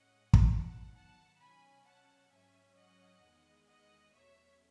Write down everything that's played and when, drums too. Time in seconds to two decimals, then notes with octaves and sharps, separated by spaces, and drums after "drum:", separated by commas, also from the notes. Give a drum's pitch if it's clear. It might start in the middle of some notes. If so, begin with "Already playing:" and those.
Already playing: A2 G#3 C#4 D#5 F#5
0.33 drum: kick
0.49 G#2 D#3 F#3 B3 F#5 A5
0.95 F#5 A5
1.40 B2 F#3 C#4 G#5 B5
1.86 F#5 A5
2.31 G#2 F#3 C#4 E5 G#5
2.77 D#5 F#5
3.22 E2 D#3 G#3 B3
3.67 D#5 F#5
4.13 E2 B2 F#3 A3 C#4 C#5 E5